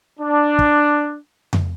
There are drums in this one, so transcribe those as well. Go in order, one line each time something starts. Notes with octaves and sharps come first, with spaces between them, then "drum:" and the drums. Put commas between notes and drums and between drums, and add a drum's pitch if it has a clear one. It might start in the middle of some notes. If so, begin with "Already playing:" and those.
D4
drum: kick
drum: tom F2